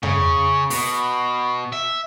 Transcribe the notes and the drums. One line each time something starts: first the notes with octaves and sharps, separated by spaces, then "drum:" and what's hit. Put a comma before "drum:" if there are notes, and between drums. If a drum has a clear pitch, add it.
C#3, drum: tom F2
B2, drum: open hi-hat
E5